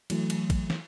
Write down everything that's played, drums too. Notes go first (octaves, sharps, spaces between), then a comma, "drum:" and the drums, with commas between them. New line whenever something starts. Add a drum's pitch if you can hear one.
E3 F#3 A3, drum: cymbal
drum: cymbal
drum: kick, cymbal
drum: snare